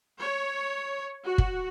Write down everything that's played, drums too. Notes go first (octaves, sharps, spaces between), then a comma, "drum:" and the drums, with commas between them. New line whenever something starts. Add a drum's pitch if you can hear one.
C#5
F#4
drum: kick